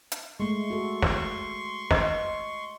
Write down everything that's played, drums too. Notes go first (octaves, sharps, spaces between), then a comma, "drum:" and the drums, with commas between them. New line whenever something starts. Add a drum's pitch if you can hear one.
drum: hi-hat
G#3 A3 C6 C#6
F#4 A4
drum: snare
D#5, drum: snare